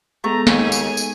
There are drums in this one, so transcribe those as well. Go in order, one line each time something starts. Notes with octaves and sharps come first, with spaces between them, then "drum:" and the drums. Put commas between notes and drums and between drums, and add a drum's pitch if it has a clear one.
G#3 A3 B3 A#5
D#2 G#5, drum: snare
drum: tambourine
drum: tambourine